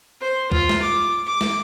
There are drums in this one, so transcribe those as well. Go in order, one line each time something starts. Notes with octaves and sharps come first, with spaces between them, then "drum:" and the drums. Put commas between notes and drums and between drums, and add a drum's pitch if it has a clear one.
C5
F4, drum: kick
drum: snare
D6
D6
drum: snare